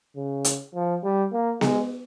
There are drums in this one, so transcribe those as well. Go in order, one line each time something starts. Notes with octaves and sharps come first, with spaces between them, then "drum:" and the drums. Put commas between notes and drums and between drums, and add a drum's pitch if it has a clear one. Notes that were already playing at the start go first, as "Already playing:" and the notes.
C#3
drum: hi-hat
F3
G3
A#3
G#3, drum: snare B3